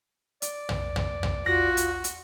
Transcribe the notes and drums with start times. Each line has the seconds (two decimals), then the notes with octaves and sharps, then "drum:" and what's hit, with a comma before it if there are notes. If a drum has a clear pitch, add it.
0.42 D5, drum: hi-hat
0.69 drum: tom
0.96 drum: tom
1.23 drum: tom
1.46 F4 F#4 F#6 A#6
1.77 drum: hi-hat
2.04 drum: hi-hat